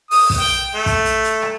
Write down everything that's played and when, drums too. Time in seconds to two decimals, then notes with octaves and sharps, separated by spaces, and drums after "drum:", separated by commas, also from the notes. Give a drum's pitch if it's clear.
0.11 D#6, drum: open hi-hat
0.30 drum: kick, open hi-hat
0.40 G5
0.75 A3
0.86 drum: kick, hi-hat
1.05 drum: hi-hat
1.24 drum: hi-hat
1.42 drum: rim click